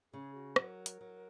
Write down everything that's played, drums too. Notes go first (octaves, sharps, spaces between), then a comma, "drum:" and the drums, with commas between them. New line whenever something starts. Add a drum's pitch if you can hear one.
C#3 G#4
F#4
F#3 A#4, drum: rim click
drum: hi-hat
F#3